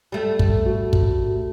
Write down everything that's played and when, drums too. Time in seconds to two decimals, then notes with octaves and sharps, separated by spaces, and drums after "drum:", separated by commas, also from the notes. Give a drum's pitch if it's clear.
0.12 G3 A3
0.39 drum: kick
0.66 F#4
0.93 drum: kick